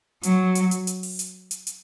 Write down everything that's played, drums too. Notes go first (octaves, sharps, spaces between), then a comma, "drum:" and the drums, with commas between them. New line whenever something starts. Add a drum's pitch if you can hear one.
F#3, drum: hi-hat
drum: hi-hat
drum: hi-hat
drum: hi-hat
drum: open hi-hat
drum: hi-hat
drum: hi-hat
drum: hi-hat